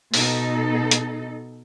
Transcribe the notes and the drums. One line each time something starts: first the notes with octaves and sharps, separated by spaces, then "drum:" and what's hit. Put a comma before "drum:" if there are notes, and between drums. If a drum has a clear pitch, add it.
B2 D#4 A4, drum: open hi-hat
drum: hi-hat